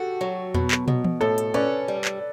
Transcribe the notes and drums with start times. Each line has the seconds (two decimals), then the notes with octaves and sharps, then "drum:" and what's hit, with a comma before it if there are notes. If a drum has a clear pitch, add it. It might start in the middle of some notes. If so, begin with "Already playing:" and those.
Already playing: F#4 G4 A4
0.21 F#3
0.54 B2, drum: tom E2
0.71 drum: clap
0.88 B2, drum: tom
1.04 drum: tom E3
1.21 A2 A4
1.38 drum: hi-hat
1.54 C#4 B4 D5
1.88 G3
2.05 drum: clap